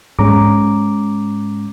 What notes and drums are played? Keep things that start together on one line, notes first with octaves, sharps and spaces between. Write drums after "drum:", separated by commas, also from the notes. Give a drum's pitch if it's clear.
G#2 G#3 C#4 A#5 D6, drum: tom G#2